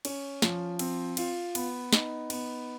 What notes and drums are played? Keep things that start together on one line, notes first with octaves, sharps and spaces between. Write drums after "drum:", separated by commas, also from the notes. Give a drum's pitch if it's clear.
C#4, drum: cymbal
F3, drum: snare
C4, drum: cymbal
F4, drum: cymbal
B3, drum: cymbal
D#4, drum: snare
B3, drum: cymbal